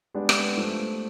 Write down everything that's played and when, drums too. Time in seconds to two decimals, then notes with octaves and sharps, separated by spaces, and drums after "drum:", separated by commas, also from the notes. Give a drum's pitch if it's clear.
0.14 G#3 B3 D4 G4
0.29 drum: rim click
0.58 F3 A3